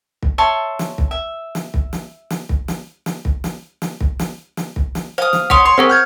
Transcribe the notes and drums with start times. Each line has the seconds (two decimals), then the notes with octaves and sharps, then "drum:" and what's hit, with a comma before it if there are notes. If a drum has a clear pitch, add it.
0.23 drum: kick
0.38 C#5 E5 A5 C6
0.79 drum: snare
0.98 drum: kick
1.11 E5
1.55 drum: snare
1.74 drum: kick
1.93 drum: snare
2.30 drum: snare
2.49 drum: kick
2.68 drum: snare
3.06 drum: snare
3.25 drum: kick
3.44 drum: snare
3.82 drum: snare
4.01 drum: kick
4.19 drum: snare
4.57 drum: snare
4.76 drum: kick
4.95 drum: snare
5.18 C5 F5 D#6
5.33 drum: snare
5.50 C#5 F#5 C6 D#6, drum: kick
5.66 C#5 C6
5.78 C4 G#4 A#4 C5 F#5 C#6
5.90 F6 G6 G#6